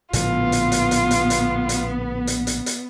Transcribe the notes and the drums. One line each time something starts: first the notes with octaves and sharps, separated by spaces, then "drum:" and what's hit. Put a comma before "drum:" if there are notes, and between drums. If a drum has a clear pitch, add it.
A#1 A2 D3 B3 F4, drum: hi-hat
drum: hi-hat
drum: hi-hat
drum: hi-hat
drum: hi-hat
drum: hi-hat
drum: hi-hat
drum: hi-hat
drum: hi-hat
drum: hi-hat